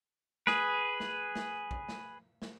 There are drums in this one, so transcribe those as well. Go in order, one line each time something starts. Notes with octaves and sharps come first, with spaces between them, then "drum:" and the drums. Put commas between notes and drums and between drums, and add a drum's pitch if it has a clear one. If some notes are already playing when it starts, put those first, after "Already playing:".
G#4 B4, drum: snare
drum: snare
drum: snare
drum: kick A#1
drum: snare
drum: snare